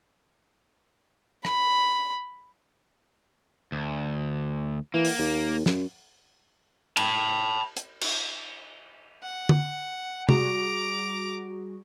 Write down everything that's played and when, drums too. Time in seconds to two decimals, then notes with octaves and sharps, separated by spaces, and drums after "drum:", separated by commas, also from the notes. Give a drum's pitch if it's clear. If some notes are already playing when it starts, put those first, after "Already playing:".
1.45 B5, drum: rim click
3.72 D2
4.94 E3 A#3
5.05 drum: open hi-hat
5.19 D#2
5.66 F#2, drum: snare
6.97 A5 B5, drum: cymbal
7.77 drum: hi-hat
8.01 drum: cymbal
9.23 F#5
9.49 drum: tom
10.29 G3 F#4 G#4 A#5 D6, drum: tom C3